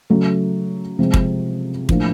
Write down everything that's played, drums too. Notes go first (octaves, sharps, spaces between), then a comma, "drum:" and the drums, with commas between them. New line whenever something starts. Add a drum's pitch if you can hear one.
C#3 F#3 A3
C3 F3 G#3 C4
drum: kick
A2 F3 A#3 D4, drum: kick